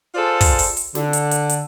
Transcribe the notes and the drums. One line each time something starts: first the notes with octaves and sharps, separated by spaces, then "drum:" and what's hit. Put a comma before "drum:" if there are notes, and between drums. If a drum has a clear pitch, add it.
F4 G#4 A4 C5 D5
drum: kick, open hi-hat
drum: open hi-hat
drum: hi-hat
D3, drum: snare
drum: hi-hat
drum: hi-hat
drum: hi-hat